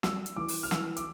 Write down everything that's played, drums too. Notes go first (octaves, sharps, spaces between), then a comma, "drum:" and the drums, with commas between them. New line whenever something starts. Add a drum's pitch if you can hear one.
G3 E6, drum: snare
drum: hi-hat
E3 D6
drum: open hi-hat
F6
E3 E6, drum: snare
D6, drum: hi-hat